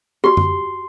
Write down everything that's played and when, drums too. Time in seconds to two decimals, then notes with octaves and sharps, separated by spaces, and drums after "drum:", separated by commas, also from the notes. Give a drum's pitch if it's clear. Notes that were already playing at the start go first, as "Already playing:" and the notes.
0.24 F#4 G4 C6
0.37 drum: tom F#2